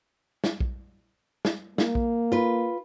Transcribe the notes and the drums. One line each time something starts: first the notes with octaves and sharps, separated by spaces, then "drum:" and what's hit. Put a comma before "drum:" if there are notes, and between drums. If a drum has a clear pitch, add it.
drum: snare
drum: kick A#1
drum: snare
A#3, drum: snare
drum: kick A#1
F4 B4